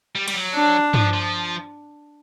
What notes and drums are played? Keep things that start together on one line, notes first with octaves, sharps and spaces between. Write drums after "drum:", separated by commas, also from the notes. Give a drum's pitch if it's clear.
G3
G3, drum: cymbal
F#3
D4
F3, drum: tom G2
F3